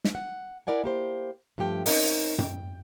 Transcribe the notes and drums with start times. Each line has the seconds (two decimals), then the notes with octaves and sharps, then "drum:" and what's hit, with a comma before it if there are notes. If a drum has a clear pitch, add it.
0.04 drum: snare
0.15 F#5
0.67 E4 A#4 D5 F#5 G#5
0.84 A#3 G4 C5
1.58 G2 F3 A3 G4 G5
1.86 C4 C#4 D#4 A#4 D#5, drum: open hi-hat
2.38 G5, drum: tom F#2